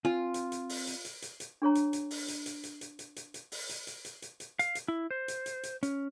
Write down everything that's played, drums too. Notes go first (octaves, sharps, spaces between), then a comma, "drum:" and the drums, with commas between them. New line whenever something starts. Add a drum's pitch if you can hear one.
C4 F4 G#5
drum: hi-hat
drum: hi-hat
drum: open hi-hat
drum: hi-hat
drum: hi-hat
drum: hi-hat
drum: hi-hat
D4 G#4 C#5 A#5
drum: hi-hat
drum: hi-hat
drum: open hi-hat
drum: hi-hat
drum: hi-hat
drum: hi-hat
drum: hi-hat
drum: hi-hat
drum: hi-hat
drum: hi-hat
drum: open hi-hat
drum: hi-hat
drum: hi-hat
drum: hi-hat
drum: hi-hat
drum: hi-hat
F5, drum: hi-hat
drum: hi-hat
E4
C5
drum: hi-hat
drum: hi-hat
drum: hi-hat
C#4, drum: hi-hat